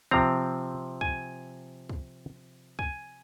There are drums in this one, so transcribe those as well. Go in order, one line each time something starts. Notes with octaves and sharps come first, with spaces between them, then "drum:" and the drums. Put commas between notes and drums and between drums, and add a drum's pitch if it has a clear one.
C3 F3 C4 A#5, drum: kick
G#5, drum: kick
drum: kick
G#5, drum: kick